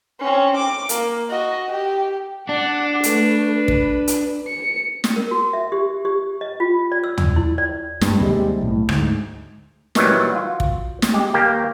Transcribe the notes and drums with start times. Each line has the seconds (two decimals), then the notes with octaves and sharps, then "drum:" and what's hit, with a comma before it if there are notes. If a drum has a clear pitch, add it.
0.20 C4 C#4
0.57 D6
0.89 A#3, drum: hi-hat
1.30 F#4 D#5
1.72 G4
2.49 D4 F#5 D6
3.03 A3 B4, drum: hi-hat
3.56 B4
3.68 drum: kick
4.08 drum: hi-hat
4.48 C#7
5.04 drum: snare
5.16 A#4
5.31 F#4
5.53 E5
5.72 G4
6.05 G4
6.41 D#5
6.60 F4
6.92 D5
7.04 E6
7.18 E6, drum: tom
7.36 E4
7.58 D5
8.01 G2, drum: snare
8.19 D#2 C3 G3 G#3
8.61 B1 A2
8.89 D2 G#2, drum: rim click
9.95 A#2 D#3 E3 F#3 G3, drum: snare
10.32 F4 F#4
10.60 drum: kick
11.02 drum: snare
11.14 G#3 G4
11.34 D#2 A#3 G4 G5